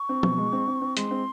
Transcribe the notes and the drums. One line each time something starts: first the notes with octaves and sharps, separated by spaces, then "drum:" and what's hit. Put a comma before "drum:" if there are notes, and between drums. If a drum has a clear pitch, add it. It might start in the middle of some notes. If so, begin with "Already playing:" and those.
Already playing: C#6
C4
B2, drum: tom F3
G#3
C4
C4
C4
G#3 C6, drum: hi-hat
C4